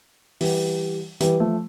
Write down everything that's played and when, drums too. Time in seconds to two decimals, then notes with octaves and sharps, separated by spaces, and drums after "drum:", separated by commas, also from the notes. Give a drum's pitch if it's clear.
0.41 E3 G3, drum: open hi-hat
1.20 E3 G3, drum: hi-hat
1.40 F3 A3